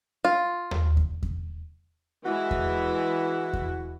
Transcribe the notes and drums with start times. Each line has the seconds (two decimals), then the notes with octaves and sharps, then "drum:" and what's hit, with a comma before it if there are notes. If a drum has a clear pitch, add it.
0.25 F4
0.71 drum: tom D#2
0.97 drum: kick E2
1.23 drum: kick E2
2.25 E3 G#3 E4 F#4
2.51 drum: kick E2
3.53 drum: kick E2